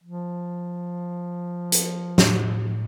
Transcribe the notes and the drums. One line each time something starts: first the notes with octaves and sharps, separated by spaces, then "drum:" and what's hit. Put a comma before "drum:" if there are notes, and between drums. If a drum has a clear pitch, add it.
F3
drum: hi-hat
A2, drum: snare